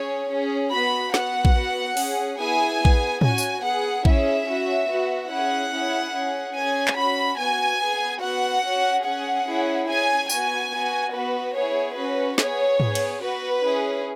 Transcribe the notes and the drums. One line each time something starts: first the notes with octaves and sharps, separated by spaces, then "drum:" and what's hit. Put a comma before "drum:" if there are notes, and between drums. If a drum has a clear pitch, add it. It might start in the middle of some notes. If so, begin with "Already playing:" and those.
Already playing: C#4 G#4 C#5
C#4 G#4
B3 F#4 B5
B3 F#4 F#5, drum: snare
drum: kick A#1
B3 F#4
C#4 G#4, drum: open hi-hat
B3 E4 G#4 G#5
B3
G#4, drum: kick A#1
C#4 F#4 G#5, drum: tom A2
drum: tambourine
B3 G#4 F#5
C#4 E4 G#4 E5, drum: kick A#1
C#4 F#4
B3 F#4
C#4 E4 G#4 F#5
C#4 E4 G#4
C#4 G#4
C#4 G#4 G#5
drum: clap
C#4 F#4 B5
B3 F#4 G#5
B3 G#4
B3 F#4 F#5
C#4 F#4
C#4 G#4 F#5
C#4 E4 G#4
C#4 G#4 G#5
B3 F#4 G#5, drum: tambourine
B3 F#4
B3 F#4 B4
B3 E4 G#4 C#5
C#4 F#4 B4
B3 G#4 C#5, drum: snare
B3 G#4, drum: tom G#2
drum: cymbal
B3 F#4 B4
C#4 E4 G#4